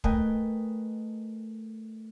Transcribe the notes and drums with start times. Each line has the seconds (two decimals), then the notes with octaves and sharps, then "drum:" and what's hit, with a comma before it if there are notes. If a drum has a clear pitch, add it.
0.04 A3 A#4 B4 D#5 G5 G#5, drum: kick